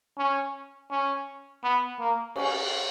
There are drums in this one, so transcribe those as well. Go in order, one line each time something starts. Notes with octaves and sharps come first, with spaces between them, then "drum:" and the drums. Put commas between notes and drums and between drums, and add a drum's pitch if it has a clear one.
C#4
C#4
B3
A#3
C#4, drum: cymbal